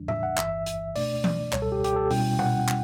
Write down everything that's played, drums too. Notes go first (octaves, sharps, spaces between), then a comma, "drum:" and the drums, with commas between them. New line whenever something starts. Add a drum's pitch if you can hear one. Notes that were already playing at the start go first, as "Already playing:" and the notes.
Already playing: E2 C#3 E3 G3 D4
E5, drum: tom A2
F#5
G1 G2 E3 E5, drum: clap
drum: hi-hat
B2 A3 D4 D5, drum: open hi-hat
drum: tom E3
C#2 B2 G3 C#5, drum: clap
A4
G4
G4, drum: hi-hat
A4
B2 G3 C#4 E4 G5, drum: open hi-hat
F#5, drum: tom A#2
drum: clap